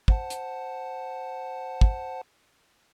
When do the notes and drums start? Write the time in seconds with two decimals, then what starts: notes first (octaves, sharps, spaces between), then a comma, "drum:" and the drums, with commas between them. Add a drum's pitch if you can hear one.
0.08 C5 F#5 A5, drum: kick
0.30 drum: hi-hat
1.81 drum: kick